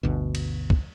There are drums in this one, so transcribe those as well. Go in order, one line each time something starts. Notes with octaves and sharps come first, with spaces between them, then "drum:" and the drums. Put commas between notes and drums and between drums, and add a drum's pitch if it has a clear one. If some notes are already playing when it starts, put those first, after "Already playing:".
G1 D2 B2
drum: cymbal
drum: kick